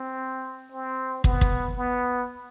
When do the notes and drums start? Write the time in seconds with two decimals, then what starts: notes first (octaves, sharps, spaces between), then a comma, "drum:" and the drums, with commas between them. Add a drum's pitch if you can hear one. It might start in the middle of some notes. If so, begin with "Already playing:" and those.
Already playing: C4
0.72 C4
1.24 B3, drum: kick
1.41 drum: kick
1.77 B3